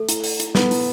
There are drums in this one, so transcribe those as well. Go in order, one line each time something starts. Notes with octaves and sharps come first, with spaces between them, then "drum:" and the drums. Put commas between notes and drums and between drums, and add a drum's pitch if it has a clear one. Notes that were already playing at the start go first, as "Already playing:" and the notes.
Already playing: A3 A4
E4, drum: hi-hat
D5, drum: open hi-hat
E4, drum: hi-hat
B3 E4, drum: snare
E4, drum: open hi-hat